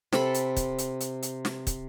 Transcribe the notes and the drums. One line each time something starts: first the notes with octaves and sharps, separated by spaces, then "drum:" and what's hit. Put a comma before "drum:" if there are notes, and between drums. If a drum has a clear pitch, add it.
C3 A4 B5, drum: snare
drum: hi-hat
drum: kick, hi-hat
drum: hi-hat
drum: hi-hat
drum: hi-hat
drum: snare
drum: kick, hi-hat